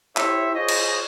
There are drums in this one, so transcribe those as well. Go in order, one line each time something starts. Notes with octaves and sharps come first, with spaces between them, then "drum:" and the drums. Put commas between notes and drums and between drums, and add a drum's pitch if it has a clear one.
E4 G4 A4 C5 C#5 E5, drum: clap
F4 G#4 C5 C#5 D#5
drum: cymbal